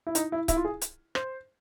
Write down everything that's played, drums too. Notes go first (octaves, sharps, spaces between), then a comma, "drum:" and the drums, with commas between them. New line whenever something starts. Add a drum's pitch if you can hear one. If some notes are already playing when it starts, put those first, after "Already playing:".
E4
D#4, drum: hi-hat
E4
E4, drum: kick C#1, hi-hat
F4
G#4
drum: hi-hat
C5, drum: rim click